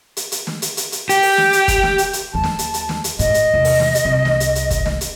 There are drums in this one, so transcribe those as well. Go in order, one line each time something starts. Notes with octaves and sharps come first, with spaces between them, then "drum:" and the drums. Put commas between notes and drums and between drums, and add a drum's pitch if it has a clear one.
drum: hi-hat
drum: hi-hat
drum: snare
drum: hi-hat
drum: hi-hat
drum: hi-hat
G4, drum: hi-hat
drum: open hi-hat
drum: snare
drum: hi-hat
drum: kick, hi-hat
drum: snare
drum: hi-hat
drum: hi-hat
D#2 F#3 A5
drum: snare
drum: hi-hat
drum: hi-hat
drum: snare
drum: hi-hat
A2 D#5, drum: hi-hat
drum: hi-hat
E2 C3
drum: open hi-hat
drum: snare
drum: hi-hat
C2
drum: snare
drum: hi-hat
drum: hi-hat
drum: kick, hi-hat
drum: snare
drum: hi-hat